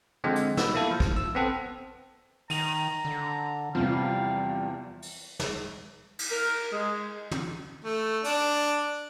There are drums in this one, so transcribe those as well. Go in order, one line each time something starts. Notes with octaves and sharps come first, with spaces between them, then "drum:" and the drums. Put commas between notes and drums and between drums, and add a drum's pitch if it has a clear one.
D3 F3 G#3 C4
drum: hi-hat
B2 E6, drum: snare
A#3 E4 A4
F3
drum: kick
E6
B3 C4 A4
D#3 A#5 D#7 F7, drum: open hi-hat
D3
E2 C3 F3 G3 F5
drum: open hi-hat
drum: snare
drum: cymbal
A#4
G#3
drum: tom
A3
D4, drum: hi-hat